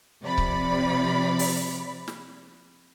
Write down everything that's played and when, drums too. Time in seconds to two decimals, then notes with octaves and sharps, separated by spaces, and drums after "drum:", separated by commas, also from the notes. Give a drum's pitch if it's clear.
0.23 C3 F3 D5 B5
0.38 drum: kick C#1
1.39 drum: open hi-hat
2.08 drum: snare